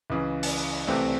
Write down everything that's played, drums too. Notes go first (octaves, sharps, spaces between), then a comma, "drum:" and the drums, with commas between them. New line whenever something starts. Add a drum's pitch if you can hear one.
C#2 C#3 E3
drum: open hi-hat
C2 C3 E3 A3 C4